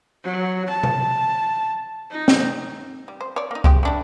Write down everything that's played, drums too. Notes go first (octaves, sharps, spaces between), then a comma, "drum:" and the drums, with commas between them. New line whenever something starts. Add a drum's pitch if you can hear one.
F#3
A5
drum: tom B2
D#4
drum: snare
G3
C5
C#5 D5
A#3 D#4
G#3 G4 G5, drum: kick C#2
A3 D4 E4